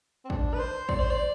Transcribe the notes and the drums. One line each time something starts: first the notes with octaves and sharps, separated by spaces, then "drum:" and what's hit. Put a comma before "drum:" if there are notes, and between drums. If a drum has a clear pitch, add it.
C4
D4, drum: kick
B4
C5
D5, drum: kick
C5
D5